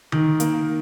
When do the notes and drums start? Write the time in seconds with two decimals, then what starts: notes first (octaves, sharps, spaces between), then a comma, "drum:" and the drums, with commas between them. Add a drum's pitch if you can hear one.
0.12 D#3, drum: tom D3
0.40 A#3, drum: hi-hat